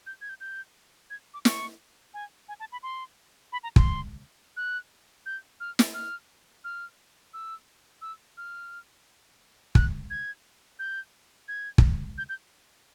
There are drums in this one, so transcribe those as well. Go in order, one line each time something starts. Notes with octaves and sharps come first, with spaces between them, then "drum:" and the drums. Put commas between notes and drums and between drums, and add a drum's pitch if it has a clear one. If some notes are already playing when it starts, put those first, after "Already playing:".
G6
G#6
G6
G6
G#6
D6
C#6, drum: snare
G#5
G#5
A5
B5
C6
B5
A#5
C6, drum: kick
F#6
G6
F6
drum: snare
F6
F6
E6
E6
F6
F#6, drum: kick
G#6
G6
G#6
drum: kick
G6
G6